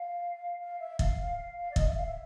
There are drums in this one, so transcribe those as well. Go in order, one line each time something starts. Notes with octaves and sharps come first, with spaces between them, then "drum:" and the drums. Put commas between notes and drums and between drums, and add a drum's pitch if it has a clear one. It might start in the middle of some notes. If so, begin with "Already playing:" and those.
Already playing: F5
F5
E5
F5, drum: kick
F5
F5
F5
D5
D#5, drum: kick
E5
F5
E5